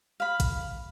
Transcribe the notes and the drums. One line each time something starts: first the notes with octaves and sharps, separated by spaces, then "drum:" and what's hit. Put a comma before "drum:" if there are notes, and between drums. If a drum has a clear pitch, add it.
F5 B5
drum: kick A1, hi-hat